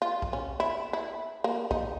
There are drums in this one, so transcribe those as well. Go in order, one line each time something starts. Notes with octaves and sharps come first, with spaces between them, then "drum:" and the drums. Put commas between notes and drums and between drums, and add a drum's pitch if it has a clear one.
F4
drum: kick A#1
C#4
E4
E4
A#3
D#4, drum: kick A#1